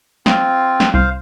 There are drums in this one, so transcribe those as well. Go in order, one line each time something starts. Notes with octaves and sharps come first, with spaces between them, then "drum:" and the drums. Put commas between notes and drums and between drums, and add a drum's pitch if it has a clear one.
C4 F4, drum: snare
drum: snare
C2 C5 F5